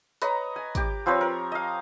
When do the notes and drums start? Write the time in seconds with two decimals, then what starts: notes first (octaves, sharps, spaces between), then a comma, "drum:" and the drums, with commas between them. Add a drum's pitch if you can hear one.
0.22 B4 C#5 D#5 A#5, drum: hi-hat
0.56 G#5
0.75 G4 D6, drum: kick, hi-hat
1.06 F3 C4 B4 C#5
1.21 A#4
1.52 D#5 F5